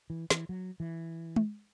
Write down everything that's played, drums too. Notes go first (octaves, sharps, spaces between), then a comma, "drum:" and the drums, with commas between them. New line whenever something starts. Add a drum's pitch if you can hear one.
E3
E3, drum: snare
F#3
E3
drum: tom G#3